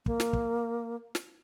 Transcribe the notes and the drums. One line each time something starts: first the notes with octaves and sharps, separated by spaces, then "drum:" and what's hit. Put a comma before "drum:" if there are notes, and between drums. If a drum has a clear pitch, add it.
A#3, drum: kick
drum: snare
drum: kick
drum: snare